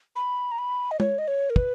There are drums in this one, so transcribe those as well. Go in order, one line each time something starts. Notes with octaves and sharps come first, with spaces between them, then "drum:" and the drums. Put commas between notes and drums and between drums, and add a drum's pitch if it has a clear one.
B5
A#5
B5
D#5
C#5, drum: tom
D#5
C#5
A#4
B4, drum: kick